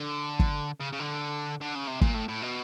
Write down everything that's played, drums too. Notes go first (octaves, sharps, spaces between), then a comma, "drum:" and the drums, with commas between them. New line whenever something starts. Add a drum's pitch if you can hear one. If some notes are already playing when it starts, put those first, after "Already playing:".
Already playing: D3
drum: kick
C#3
C#3
D3
D3
C#3
C3
A#2, drum: kick
A2
A2
B2